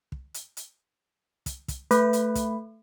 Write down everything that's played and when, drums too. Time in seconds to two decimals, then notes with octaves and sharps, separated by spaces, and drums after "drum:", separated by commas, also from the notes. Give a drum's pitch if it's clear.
0.12 drum: kick
0.34 drum: hi-hat
0.57 drum: hi-hat
1.46 drum: kick, hi-hat
1.68 drum: kick, hi-hat
1.91 A3 B4, drum: hi-hat
2.13 drum: hi-hat
2.35 drum: kick, hi-hat